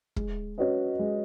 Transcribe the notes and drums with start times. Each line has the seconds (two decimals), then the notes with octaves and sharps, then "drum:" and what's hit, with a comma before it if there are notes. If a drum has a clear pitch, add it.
0.16 G#3, drum: kick
0.58 C#4 F#4 B4 D#5
0.99 G#3